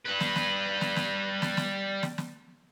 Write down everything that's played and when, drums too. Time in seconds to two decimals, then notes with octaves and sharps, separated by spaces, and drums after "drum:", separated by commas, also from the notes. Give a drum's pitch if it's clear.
0.05 G3 B4
0.20 drum: snare
0.36 drum: snare
0.81 drum: snare
0.96 drum: snare
1.42 drum: snare
1.57 drum: snare
2.03 drum: snare
2.18 drum: snare